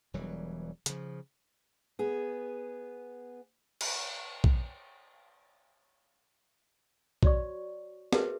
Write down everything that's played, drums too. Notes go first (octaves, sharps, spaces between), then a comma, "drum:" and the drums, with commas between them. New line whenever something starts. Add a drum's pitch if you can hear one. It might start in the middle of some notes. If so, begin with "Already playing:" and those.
E1 E3 F#3 G3
C#3 F3, drum: hi-hat
B3 G#4
drum: cymbal
drum: kick
F#4 C#5 D5 C#6, drum: kick
F#4 G#4 A#4 B4 E5, drum: snare